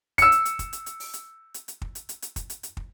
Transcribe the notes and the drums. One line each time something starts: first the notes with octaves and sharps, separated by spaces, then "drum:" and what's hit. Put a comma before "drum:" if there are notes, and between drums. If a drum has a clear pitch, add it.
E6 C#7, drum: kick, hi-hat
drum: hi-hat
drum: hi-hat
drum: kick, hi-hat
drum: hi-hat
drum: hi-hat
drum: open hi-hat
drum: hi-hat
drum: hi-hat
drum: hi-hat
drum: kick
drum: hi-hat
drum: hi-hat
drum: hi-hat
drum: kick, hi-hat
drum: hi-hat
drum: hi-hat
drum: kick